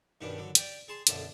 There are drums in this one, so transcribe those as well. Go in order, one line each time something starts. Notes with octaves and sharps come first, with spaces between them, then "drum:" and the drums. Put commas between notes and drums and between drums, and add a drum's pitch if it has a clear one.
G2 B2 D#3 C#4 D4
D3 F#3
G4 D5, drum: hi-hat
G#4 A5 C6
B1 F#2 D3 A5 D#6, drum: hi-hat